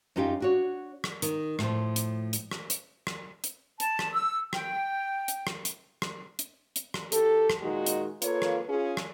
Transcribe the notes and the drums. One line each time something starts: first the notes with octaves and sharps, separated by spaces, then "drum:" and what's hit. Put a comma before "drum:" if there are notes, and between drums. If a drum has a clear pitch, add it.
F#2 C#4 D#4 F4 G4
D4 F#4 C#5
drum: rim click
D#3, drum: hi-hat
A2 F3, drum: rim click
drum: hi-hat
drum: hi-hat
drum: rim click
drum: hi-hat
drum: rim click
drum: hi-hat
A5, drum: hi-hat
drum: rim click
E6
G5, drum: rim click
drum: hi-hat
drum: rim click
drum: hi-hat
drum: rim click
drum: hi-hat
drum: hi-hat
drum: rim click
D#3 G4 A4, drum: hi-hat
drum: rim click
A#2 D#3 G#3 D#4 F#4
drum: hi-hat
A#3 F4 A4 B4 C#5, drum: hi-hat
drum: rim click
C#4 F4 G#4
drum: rim click